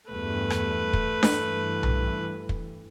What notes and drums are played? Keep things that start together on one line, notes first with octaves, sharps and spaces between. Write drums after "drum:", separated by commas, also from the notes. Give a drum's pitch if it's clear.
E2 G2 G3 A3 B4
drum: rim click
drum: kick
G2 E3, drum: snare D4
drum: tom B1
drum: kick